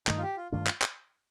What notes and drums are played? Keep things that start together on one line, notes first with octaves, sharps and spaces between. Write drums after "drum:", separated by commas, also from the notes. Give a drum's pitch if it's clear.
G2 D#3 A3 D4 D#4, drum: clap
F4
G4
F4
G2 D#3 A3 D4 F4
drum: clap
drum: clap